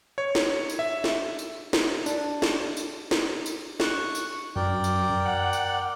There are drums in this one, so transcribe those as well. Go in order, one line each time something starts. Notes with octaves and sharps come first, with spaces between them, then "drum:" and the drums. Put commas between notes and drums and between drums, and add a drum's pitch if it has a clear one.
C#5
drum: snare
drum: tambourine
E5
drum: snare
drum: tambourine
drum: snare
D4, drum: tambourine
drum: snare
drum: tambourine
drum: snare
drum: tambourine
C#6 F#6, drum: snare
drum: tambourine
F#2 A#4 D5 G5
drum: tambourine
F#5
drum: tambourine